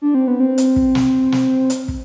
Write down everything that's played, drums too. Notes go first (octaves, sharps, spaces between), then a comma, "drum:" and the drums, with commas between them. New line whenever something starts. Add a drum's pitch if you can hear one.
D4
C4
B3
C4
drum: hi-hat
drum: kick
drum: snare
drum: snare
drum: hi-hat
drum: kick